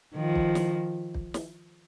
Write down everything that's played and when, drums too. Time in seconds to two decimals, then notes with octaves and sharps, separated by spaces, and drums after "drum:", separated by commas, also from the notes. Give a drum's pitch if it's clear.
0.16 D#3 F3
0.36 drum: kick
0.55 drum: snare
1.14 drum: kick
1.34 drum: snare